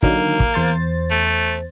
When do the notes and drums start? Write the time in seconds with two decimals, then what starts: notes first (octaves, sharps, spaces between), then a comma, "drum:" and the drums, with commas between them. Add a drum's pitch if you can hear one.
0.03 D3 D#3 F#3 A#3, drum: kick
0.40 drum: kick
0.54 E2 C5 A6
1.11 A3